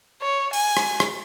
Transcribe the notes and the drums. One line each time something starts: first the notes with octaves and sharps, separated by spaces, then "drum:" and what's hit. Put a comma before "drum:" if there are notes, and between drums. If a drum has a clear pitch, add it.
C#5
G#5, drum: open hi-hat
drum: rim click
drum: rim click